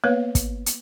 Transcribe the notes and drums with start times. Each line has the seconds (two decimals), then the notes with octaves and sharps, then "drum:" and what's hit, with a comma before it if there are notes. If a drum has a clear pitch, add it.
0.04 A#3 B3 B4 C#5
0.35 drum: kick, hi-hat
0.66 drum: hi-hat